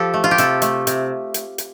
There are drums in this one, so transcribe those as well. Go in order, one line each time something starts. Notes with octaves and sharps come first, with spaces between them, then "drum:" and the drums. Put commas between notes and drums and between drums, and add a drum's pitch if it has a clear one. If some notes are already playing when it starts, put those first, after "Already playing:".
Already playing: F3 G4 A4
A3
F4
G4
C3 A4, drum: hi-hat
A3, drum: hi-hat
C3, drum: hi-hat
drum: hi-hat
drum: hi-hat